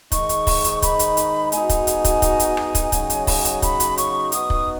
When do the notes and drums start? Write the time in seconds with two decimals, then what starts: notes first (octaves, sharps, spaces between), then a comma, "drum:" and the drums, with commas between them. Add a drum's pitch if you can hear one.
0.12 G#2 D#3 G#3 D#4 C#6, drum: kick, hi-hat
0.29 drum: hi-hat
0.47 drum: kick, open hi-hat
0.64 drum: hi-hat
0.82 B5, drum: kick, hi-hat
0.99 drum: hi-hat
1.17 drum: hi-hat
1.52 B2 G#3 D#4 F#4 G#5, drum: hi-hat
1.69 drum: kick, hi-hat
1.87 drum: hi-hat
2.05 drum: kick, hi-hat
2.22 drum: kick, hi-hat
2.40 drum: hi-hat
2.57 drum: rim click
2.75 drum: kick, hi-hat
2.92 C#3 F#3 D#4 F#4, drum: kick, hi-hat
3.10 drum: hi-hat
3.27 drum: kick, open hi-hat
3.45 drum: hi-hat
3.62 B5, drum: kick, hi-hat
3.80 drum: hi-hat
3.98 C#6, drum: hi-hat
4.32 B2 B3 D#4 D#6, drum: hi-hat
4.50 drum: kick